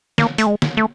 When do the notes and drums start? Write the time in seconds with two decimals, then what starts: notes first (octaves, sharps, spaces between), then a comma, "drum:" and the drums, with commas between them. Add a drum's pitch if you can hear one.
0.18 A#3, drum: snare
0.38 A3, drum: hi-hat
0.47 G#3
0.62 drum: snare
0.77 A3